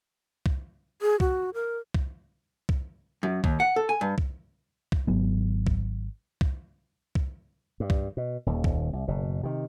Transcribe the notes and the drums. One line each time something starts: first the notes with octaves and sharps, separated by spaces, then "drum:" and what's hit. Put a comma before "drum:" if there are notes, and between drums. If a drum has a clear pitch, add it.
drum: kick C2
G#4
F#4, drum: kick C2
A#4
drum: kick C2
drum: kick C2
F#2
D#2, drum: kick C2
F#5
A4
G#5
G2
drum: kick C2
drum: kick C2
G#1 F#3 B3
drum: kick C2
drum: kick C2
drum: kick C2
G2
drum: kick C2
B2
D#1 D#2
drum: kick C2
C2
F#1 B2
C3 D#3